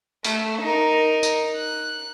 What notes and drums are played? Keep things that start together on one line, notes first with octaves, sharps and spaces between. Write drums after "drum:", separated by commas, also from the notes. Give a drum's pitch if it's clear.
A3, drum: open hi-hat
D#4 A#4
drum: tambourine
F#6